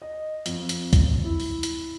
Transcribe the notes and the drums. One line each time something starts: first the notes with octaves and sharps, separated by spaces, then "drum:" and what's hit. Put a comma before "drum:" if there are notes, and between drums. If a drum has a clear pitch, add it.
D#5
F2, drum: hi-hat
drum: hi-hat
drum: kick, hi-hat
E4
drum: open hi-hat
drum: hi-hat